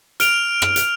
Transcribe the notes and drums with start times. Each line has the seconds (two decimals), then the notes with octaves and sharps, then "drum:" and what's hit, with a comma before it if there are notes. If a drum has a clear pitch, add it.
0.20 F6 D7 F7, drum: hi-hat
0.62 drum: rim click
0.76 drum: hi-hat